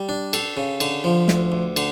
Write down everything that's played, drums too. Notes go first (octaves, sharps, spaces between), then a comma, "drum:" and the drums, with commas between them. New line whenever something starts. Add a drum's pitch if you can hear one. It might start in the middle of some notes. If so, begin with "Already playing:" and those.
Already playing: G3
D4
A4, drum: cymbal
C#3
D3, drum: cymbal
F3
D2, drum: snare
D2
D3, drum: cymbal